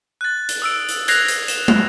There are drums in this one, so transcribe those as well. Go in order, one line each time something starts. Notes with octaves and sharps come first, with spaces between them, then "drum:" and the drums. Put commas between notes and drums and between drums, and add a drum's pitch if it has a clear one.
F#6 A6
drum: hi-hat
D#6 E6 D7
drum: hi-hat
F#6 G#6 A#6 C7 F7, drum: hi-hat
drum: hi-hat
E7, drum: hi-hat
drum: tom